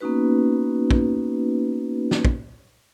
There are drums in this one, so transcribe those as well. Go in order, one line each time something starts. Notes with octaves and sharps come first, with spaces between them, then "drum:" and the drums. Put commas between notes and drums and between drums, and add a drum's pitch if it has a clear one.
A#3 B3 C#4 D#4 F#4 B4
drum: kick
drum: snare
drum: kick